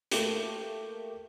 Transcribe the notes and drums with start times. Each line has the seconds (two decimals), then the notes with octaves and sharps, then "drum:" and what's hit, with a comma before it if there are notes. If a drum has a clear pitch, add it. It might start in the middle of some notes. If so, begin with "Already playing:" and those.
0.11 A3 A#3 G4, drum: hi-hat